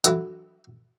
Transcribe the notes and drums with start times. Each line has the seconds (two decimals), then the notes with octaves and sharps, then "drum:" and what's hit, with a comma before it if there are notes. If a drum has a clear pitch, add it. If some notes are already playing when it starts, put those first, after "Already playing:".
0.04 D3 E3 F#3 E4, drum: hi-hat